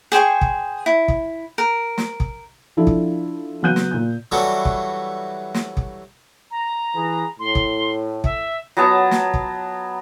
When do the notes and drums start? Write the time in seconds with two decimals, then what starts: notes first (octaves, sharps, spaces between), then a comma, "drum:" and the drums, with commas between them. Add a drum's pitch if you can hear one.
0.12 G#4 C5 G5 C#6
0.41 drum: kick
0.86 E4
1.08 drum: kick
1.58 A#4
1.98 drum: snare
2.20 drum: kick
2.77 F3 D4 E4 A4
2.87 drum: kick
3.62 C#3 F#3 B3 F#6 G6 D#7
3.76 drum: snare
3.91 A#2 G6
4.32 E3 F#3 G3 A3 D4 F#4
4.65 drum: kick
5.54 drum: snare
5.77 drum: kick
6.51 A#5
6.95 E3 G#4 B4
7.39 A2 C6
7.55 drum: kick
8.24 E5, drum: kick
8.77 F#3 B3 A5 A#5
9.11 drum: snare
9.34 drum: kick